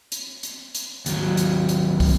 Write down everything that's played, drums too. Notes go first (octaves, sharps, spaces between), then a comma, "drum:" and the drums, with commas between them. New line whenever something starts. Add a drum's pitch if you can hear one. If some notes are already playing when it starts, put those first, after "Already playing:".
drum: hi-hat
drum: hi-hat
drum: hi-hat
D#2 F#3, drum: hi-hat
drum: hi-hat
drum: hi-hat
drum: kick, open hi-hat